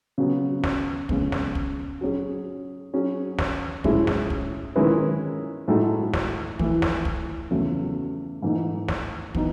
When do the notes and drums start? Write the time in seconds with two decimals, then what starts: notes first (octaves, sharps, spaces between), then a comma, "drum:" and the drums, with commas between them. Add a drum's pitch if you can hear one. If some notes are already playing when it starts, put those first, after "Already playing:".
0.18 C#3 F#3 B3
0.64 drum: snare
1.09 C#3 G#3 B3, drum: kick
1.32 drum: snare
1.55 drum: kick
2.01 F#3 C#4 G#4
2.93 F#3 C#4 G#4
3.39 drum: snare
3.84 A2 G#3 C#4 E4 G#4, drum: kick
4.07 drum: snare
4.30 drum: kick
4.75 D#3 G#3 C#4 E4 B4
5.68 A2 G#3 D#4 F#4 A4
6.14 drum: snare
6.59 E3 A3 E4, drum: kick
6.82 drum: snare
7.05 drum: kick
7.51 E2 C#3 F#3 A3
8.42 G#2 E3 A3 D#4
8.89 drum: snare
9.35 E3 B3 D#4, drum: kick